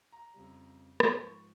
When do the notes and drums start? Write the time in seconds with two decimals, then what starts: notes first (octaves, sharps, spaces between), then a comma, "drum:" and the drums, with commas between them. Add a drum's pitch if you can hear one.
0.12 A#5
0.34 F2 C#3 G3
1.00 G#2 F3 C6, drum: rim click
1.23 C#6